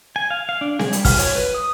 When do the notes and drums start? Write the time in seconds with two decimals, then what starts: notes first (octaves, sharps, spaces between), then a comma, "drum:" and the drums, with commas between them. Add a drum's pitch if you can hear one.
0.16 G#5
0.30 F5
0.49 F5
0.61 D4
0.79 G#4, drum: snare C4
0.93 G3, drum: hi-hat
1.05 F6, drum: kick, open hi-hat
1.19 C#5, drum: hi-hat
1.36 B4
1.54 D#6